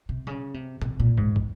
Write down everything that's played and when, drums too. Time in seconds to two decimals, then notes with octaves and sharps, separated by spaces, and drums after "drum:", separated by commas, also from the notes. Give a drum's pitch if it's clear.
0.09 C3
0.27 C#3, drum: tom
0.54 C3
0.82 C3, drum: tom
0.99 A#2
1.18 G#2, drum: kick
1.36 drum: kick